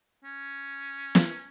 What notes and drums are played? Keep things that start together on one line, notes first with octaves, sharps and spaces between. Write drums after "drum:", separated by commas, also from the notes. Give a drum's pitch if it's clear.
C#4
drum: snare